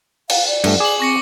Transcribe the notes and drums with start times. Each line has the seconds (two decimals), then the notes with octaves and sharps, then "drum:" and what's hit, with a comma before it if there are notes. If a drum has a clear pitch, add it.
0.30 F5, drum: cymbal
0.48 D5
0.64 G2 A3, drum: cymbal
0.80 G#4 D6 F#7
1.00 C4 C#6 A#6 C#7